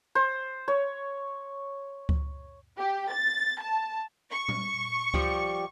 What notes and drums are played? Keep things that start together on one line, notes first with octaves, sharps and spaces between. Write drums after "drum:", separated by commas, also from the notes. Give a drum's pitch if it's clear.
C5
C#5
drum: kick C#2
G4
A6
A5
C#6
drum: tom A#2
F3 G3 G4, drum: kick C#2